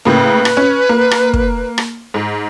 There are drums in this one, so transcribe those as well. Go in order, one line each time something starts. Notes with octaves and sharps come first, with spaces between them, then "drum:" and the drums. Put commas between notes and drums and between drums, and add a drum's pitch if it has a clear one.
A2 C#3 A#3 B4
drum: rim click
C#4
A#3
drum: rim click
drum: kick
drum: rim click
G#2